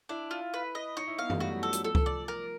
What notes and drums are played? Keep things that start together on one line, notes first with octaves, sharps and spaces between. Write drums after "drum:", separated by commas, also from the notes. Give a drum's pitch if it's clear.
D4 E4
F4
B4
D#5
D#4 C#5
E4
B3 F5
A3, drum: tom F#2
G3 F#4
F#3
F3 A4
F#3, drum: hi-hat
F3 A4
drum: kick C#2
D5
A#4